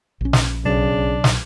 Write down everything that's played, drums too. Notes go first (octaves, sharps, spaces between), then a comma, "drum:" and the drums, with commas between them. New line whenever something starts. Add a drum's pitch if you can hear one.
A#1 C#4
drum: snare
B1 C#3 D4
drum: snare